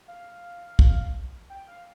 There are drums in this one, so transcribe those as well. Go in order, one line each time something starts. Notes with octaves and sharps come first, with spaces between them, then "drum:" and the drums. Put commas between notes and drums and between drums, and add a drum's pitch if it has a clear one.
F5
drum: kick
G5
F5